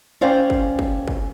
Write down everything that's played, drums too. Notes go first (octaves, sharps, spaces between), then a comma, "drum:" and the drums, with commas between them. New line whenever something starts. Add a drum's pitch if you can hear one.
C#4 C5 D5 F5 G5
drum: kick
drum: kick
drum: kick